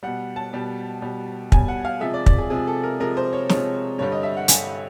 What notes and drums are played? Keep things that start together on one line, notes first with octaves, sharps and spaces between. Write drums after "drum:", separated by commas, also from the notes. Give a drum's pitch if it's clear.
B2 G3 F#5
A5
B2 G3
B2 G3
B2 G3 G#5, drum: kick
F#5
F5
C3 F3 G#3 E5
D5
D5, drum: kick
G#4
C3 F3 G#3 G#4
A4
A#4
C3 F3 G#3 A#4
C5
C#5
C3 F3 G#3 C#5, drum: snare
G2 D3 G3 C#5
D#5
E5
F#5
G2 D3 G3 G#5, drum: hi-hat